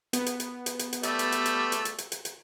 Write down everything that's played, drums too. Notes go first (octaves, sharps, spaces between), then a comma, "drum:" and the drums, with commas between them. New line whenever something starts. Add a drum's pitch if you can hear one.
B3, drum: hi-hat
drum: hi-hat
drum: hi-hat
drum: hi-hat
drum: hi-hat
drum: hi-hat
G3 A3 E5, drum: hi-hat
drum: hi-hat
drum: hi-hat
drum: hi-hat
drum: hi-hat
drum: hi-hat
drum: hi-hat
drum: hi-hat
drum: hi-hat